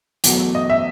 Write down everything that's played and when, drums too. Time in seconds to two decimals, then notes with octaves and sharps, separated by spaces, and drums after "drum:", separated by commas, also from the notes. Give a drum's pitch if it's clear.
0.24 E2 B2 F#3 A3, drum: hi-hat
0.55 D#5
0.70 E5